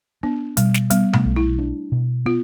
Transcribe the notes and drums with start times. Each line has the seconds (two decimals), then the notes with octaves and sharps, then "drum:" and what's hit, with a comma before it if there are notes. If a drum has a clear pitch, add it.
0.23 B3 D4
0.57 B2 G3, drum: hi-hat
0.74 drum: snare
0.90 G3 B3, drum: hi-hat
1.13 A3, drum: tom B2
1.25 B1
1.36 E4
1.59 D4
1.92 B2
2.26 B3 F4